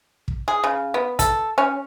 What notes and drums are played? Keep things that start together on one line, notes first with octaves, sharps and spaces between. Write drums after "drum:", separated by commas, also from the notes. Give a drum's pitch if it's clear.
drum: kick
G#4
C#3
B3
A4, drum: kick, hi-hat
C#4